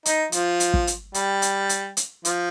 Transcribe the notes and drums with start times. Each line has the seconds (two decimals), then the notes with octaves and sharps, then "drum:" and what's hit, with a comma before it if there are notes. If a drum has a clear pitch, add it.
0.06 D#4, drum: hi-hat
0.32 F3, drum: hi-hat
0.60 drum: hi-hat
0.74 drum: kick
0.87 drum: hi-hat
1.14 G3, drum: hi-hat
1.42 drum: hi-hat
1.69 drum: hi-hat
1.97 drum: hi-hat
2.25 F3, drum: hi-hat